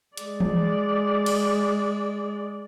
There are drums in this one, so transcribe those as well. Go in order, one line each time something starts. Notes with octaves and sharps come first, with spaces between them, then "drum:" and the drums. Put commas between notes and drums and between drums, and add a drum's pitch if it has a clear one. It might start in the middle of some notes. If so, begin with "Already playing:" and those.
G#3 D5, drum: hi-hat
drum: tom E3
drum: cymbal